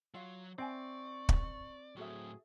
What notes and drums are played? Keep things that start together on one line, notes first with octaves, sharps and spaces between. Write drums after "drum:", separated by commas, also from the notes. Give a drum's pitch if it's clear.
F#3 F4 D5 F5
C4 D5 E5 G5 G#5 C#6
drum: kick
A2 F#3 C4 F#4 G#4 A4 E5